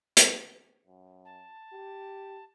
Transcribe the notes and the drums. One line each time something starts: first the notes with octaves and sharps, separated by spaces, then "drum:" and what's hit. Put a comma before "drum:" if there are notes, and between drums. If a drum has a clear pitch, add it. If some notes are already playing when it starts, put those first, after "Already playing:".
drum: hi-hat
F#2
A5
G4